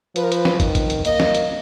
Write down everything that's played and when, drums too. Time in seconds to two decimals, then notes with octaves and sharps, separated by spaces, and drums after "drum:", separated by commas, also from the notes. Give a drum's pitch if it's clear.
0.16 F3 B4, drum: hi-hat
0.24 A#4
0.32 B4, drum: hi-hat
0.45 drum: snare
0.60 D#3, drum: kick, hi-hat
0.75 drum: kick, hi-hat
0.90 drum: hi-hat
1.05 A#3 D#5, drum: hi-hat
1.20 drum: snare
1.35 drum: hi-hat